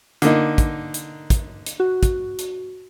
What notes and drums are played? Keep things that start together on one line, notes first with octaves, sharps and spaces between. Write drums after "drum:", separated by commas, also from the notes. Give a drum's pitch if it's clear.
D3 A#3 D#4, drum: hi-hat
drum: kick, hi-hat
drum: hi-hat
drum: kick, hi-hat
drum: hi-hat
F#4
drum: kick, hi-hat
drum: hi-hat